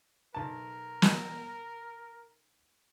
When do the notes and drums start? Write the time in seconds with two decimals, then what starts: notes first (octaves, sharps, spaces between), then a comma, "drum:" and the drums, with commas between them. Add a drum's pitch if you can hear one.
0.35 B1 A#4 A5
1.02 drum: snare